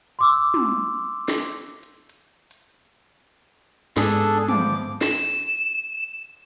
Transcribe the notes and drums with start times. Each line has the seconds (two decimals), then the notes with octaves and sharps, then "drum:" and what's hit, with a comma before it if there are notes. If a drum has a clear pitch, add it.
0.19 C6 D6 E6
0.54 drum: tom
1.28 drum: snare
1.83 drum: hi-hat
2.09 drum: hi-hat
2.51 drum: hi-hat
3.97 G#2 B3 D4 G#4 A4, drum: snare
4.48 E2 F3 D6, drum: tom
5.01 E7, drum: snare